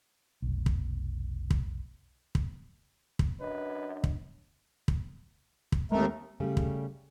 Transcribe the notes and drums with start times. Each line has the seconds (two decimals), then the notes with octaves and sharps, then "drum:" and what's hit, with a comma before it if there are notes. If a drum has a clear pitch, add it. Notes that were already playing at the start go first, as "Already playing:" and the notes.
0.42 F1 B1
0.66 drum: kick
1.50 drum: kick
2.35 drum: kick
3.19 drum: kick
3.40 F#2 D4 B4 D#5
4.04 drum: kick
4.88 drum: kick
5.72 drum: kick
5.92 D#2 G#3 A3 C4 A#4
6.40 C#3 G3 A3
6.57 drum: kick